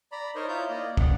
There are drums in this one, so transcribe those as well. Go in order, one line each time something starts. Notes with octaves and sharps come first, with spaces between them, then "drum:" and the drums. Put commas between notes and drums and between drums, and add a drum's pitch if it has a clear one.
D5 A#5 B5
D#4 A#4 C5 C#5 D#5
E4 F4 C#5 G6
A#3 D5 D#5
F#5, drum: kick